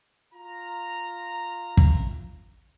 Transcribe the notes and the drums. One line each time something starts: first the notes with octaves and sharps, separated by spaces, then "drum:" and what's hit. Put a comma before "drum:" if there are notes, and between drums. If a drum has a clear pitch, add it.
F4 A#5
drum: kick